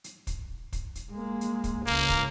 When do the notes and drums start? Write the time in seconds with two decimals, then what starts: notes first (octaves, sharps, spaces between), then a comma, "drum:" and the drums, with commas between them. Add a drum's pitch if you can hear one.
0.04 drum: hi-hat
0.27 drum: kick, hi-hat
0.73 drum: kick, hi-hat
0.95 drum: hi-hat
1.12 G#3 A#3
1.41 drum: hi-hat
1.64 drum: kick, hi-hat
1.87 C#2 A#3, drum: hi-hat
2.09 drum: kick, hi-hat